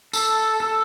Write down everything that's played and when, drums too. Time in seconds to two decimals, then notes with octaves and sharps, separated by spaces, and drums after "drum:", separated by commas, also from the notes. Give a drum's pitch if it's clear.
0.13 A4, drum: tambourine
0.60 A4